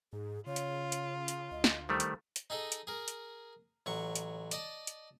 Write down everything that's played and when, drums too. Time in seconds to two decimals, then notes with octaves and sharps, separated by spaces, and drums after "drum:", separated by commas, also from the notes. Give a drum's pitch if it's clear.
0.13 G#2 G#4
0.47 C#3 F4 C#5
0.56 drum: hi-hat
0.92 drum: hi-hat
1.28 drum: hi-hat
1.51 D2 D#5
1.64 drum: snare
1.89 D#3 G3 A3 C5
2.00 drum: hi-hat
2.36 drum: hi-hat
2.50 D#4 G#4 A4 D#5
2.72 drum: hi-hat
2.87 G#4 A#4
3.08 drum: hi-hat
3.86 A1 F#3 C#6
4.15 drum: hi-hat
4.51 D5 D#5 A5, drum: hi-hat
4.87 drum: hi-hat